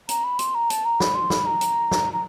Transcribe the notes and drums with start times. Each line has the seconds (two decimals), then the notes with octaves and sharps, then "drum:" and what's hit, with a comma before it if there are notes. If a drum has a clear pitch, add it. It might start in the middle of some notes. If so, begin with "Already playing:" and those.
0.09 A#5, drum: hi-hat
0.24 B5
0.39 C6, drum: hi-hat
0.55 A#5
0.70 A5, drum: hi-hat
0.85 A#5
1.00 B5, drum: snare
1.15 C6
1.30 B5, drum: snare
1.46 A#5
1.61 drum: hi-hat
1.91 drum: snare
2.13 A#5